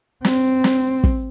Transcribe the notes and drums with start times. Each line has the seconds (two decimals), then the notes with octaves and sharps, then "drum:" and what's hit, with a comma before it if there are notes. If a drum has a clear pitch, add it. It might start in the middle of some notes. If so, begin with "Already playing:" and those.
0.25 C4, drum: snare
0.64 drum: snare
1.04 drum: kick